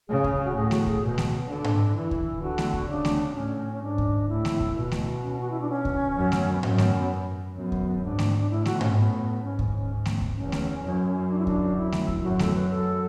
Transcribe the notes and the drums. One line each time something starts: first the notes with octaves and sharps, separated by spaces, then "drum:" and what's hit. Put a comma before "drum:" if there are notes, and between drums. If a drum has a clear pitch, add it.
C#3 G#4
drum: kick D2
F#4
A2 G#4
F#4, drum: snare A3
G#4, drum: kick D2
B2
drum: snare A3
D3 D4
drum: tom G#2
E3 E4
drum: kick D2
D3 F#4
drum: snare A3
drum: kick D2
C#3 D4
drum: snare A3
D4
A2 C#4
C#4
G#2 D4
drum: kick D2
A2 E4
drum: snare A3
drum: kick D2
B2
drum: snare A3
C#4
F#4
E4
D4
C#4
drum: kick D2
F#2
drum: snare A3
B3
F#2 C#4, drum: tom G#2
B3, drum: snare A3
B3
F#2 B3
drum: kick D2
G#2 D4
drum: snare A3
D4
A2 E4
F#4, drum: snare A3
C#4, drum: tom G#2
B3
G#2 C#4
drum: kick D2
C#4
drum: snare A3
drum: kick D2
E2 C#4
drum: snare A3
F#2
D4
E4
D4, drum: kick D2
E4
drum: snare A3
drum: kick D2
F#2 F#4
A4, drum: snare A3
B4
A4